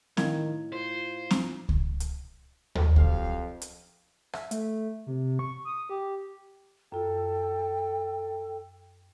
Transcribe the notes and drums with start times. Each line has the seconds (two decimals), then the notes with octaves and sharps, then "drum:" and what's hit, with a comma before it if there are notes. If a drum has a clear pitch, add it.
0.17 A2 D#3 F5 G#6, drum: snare C4
0.72 F4 C5
1.31 drum: snare C4
1.69 drum: kick C#2
2.00 drum: hi-hat
2.75 drum: tom D#2
2.96 F2 F#3 G4 F5, drum: kick C#2
3.62 drum: hi-hat
4.33 E5, drum: rim click
4.51 A3, drum: hi-hat
5.07 C3
5.39 C#6
5.65 D#6
5.89 G4
6.92 F#2 F4 A4 G5